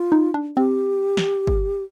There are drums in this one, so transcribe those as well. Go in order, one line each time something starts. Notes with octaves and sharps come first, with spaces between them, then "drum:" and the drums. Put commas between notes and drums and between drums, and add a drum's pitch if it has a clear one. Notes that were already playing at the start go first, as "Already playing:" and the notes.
Already playing: F4
D#4
D4
C4 G4
drum: snare
drum: kick G1